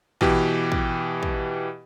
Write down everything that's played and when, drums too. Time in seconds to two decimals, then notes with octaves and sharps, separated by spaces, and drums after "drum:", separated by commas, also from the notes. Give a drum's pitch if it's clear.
0.21 B2 E3 G4, drum: kick
0.72 drum: kick
1.23 drum: kick